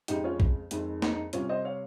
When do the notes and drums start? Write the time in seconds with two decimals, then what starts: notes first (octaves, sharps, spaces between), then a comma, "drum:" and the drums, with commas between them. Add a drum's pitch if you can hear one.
0.08 F2 C#3 G#3 D#4 G4, drum: hi-hat
0.24 C#4 F4
0.40 drum: kick
0.71 F2 D#3 G#3, drum: hi-hat
1.02 D#4, drum: snare
1.13 D#4
1.33 C3 G3 C#4 F4, drum: hi-hat
1.49 C5 D#5
1.65 C#5 F5